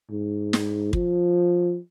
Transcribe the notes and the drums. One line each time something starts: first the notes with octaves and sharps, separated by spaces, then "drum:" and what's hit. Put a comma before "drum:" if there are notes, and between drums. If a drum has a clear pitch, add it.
G#2
drum: snare
F3, drum: kick